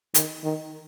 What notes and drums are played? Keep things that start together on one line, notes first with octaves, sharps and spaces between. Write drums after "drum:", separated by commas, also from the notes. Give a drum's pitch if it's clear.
D#3, drum: hi-hat
D#3